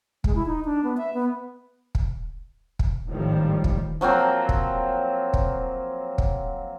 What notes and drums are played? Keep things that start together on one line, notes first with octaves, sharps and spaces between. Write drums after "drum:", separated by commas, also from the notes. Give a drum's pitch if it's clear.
G#3, drum: kick
E4
D#4
D4
B3
E5
B3
drum: kick
drum: kick
G#1 C#2 A2 D#3 F3 G3
drum: kick
F3 F#3 A#3 C4
drum: kick
drum: kick
drum: kick